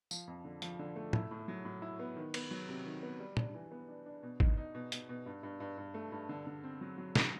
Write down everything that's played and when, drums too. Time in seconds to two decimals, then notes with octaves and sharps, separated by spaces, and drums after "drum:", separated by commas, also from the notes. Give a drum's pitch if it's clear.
0.11 F3, drum: tambourine
0.27 F2
0.44 D3
0.62 F3, drum: hi-hat
0.79 D3
0.96 A3
1.13 E4, drum: tom
1.31 A2
1.48 F#3
1.65 A2
1.82 E4
2.00 B3
2.17 D#3
2.34 B3, drum: cymbal
2.51 F#3
2.69 C3
2.86 D#3
3.03 B3
3.19 G3
3.37 D4, drum: tom
3.54 E3
3.71 B3
3.89 D4
4.06 D4
4.23 B2
4.40 D#4, drum: kick
4.57 D#4
4.75 B2
4.92 B2, drum: hi-hat
5.09 B2
5.26 G2
5.43 G2
5.60 G2
5.78 G2
5.94 A3
6.12 G2
6.29 D3
6.47 D3
6.64 C4
6.81 F#3
6.98 F#3
7.15 F#3, drum: snare